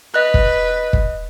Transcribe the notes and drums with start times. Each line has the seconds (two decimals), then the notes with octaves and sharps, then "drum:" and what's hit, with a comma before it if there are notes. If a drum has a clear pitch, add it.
0.14 B4 D#5 F#6
0.34 drum: kick
0.93 drum: kick